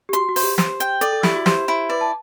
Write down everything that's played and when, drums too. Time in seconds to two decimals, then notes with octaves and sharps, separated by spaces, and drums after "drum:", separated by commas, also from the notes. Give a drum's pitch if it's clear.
0.09 G4
0.13 F#4 C6, drum: hi-hat
0.29 F#4
0.36 C5, drum: open hi-hat
0.43 G4
0.58 C5, drum: snare
0.80 G5, drum: hi-hat
1.01 A4 D5, drum: hi-hat
1.13 A4
1.23 E4 G4, drum: snare
1.35 F#4
1.46 G4 C5, drum: snare
1.68 E4
1.89 B4 D5
2.01 A5